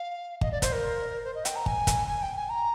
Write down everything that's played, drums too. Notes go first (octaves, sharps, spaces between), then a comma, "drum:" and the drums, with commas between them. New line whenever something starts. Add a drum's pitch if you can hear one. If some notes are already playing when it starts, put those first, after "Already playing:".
Already playing: F5
D#5, drum: kick
D5
C5, drum: kick, hi-hat
A#4
C5
D#5
G5, drum: hi-hat
A#5
G#5, drum: kick
drum: kick, hi-hat
G#5
G5
G#5
A#5